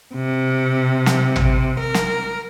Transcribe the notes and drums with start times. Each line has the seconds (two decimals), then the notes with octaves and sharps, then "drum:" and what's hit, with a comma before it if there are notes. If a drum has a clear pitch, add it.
0.15 C3
1.06 drum: snare
1.36 drum: tom
1.80 A#4
1.94 drum: snare